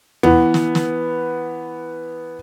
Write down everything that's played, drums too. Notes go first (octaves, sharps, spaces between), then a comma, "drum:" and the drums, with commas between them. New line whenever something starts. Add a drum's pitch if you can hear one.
E3 B3, drum: tom
drum: snare
drum: snare